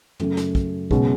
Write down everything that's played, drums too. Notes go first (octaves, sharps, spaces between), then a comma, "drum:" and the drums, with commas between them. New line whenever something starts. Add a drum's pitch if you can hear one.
F#2 C#3 F#3 A3 C#4, drum: tom
drum: snare
drum: kick
F#1 B2 G#3 C#4, drum: kick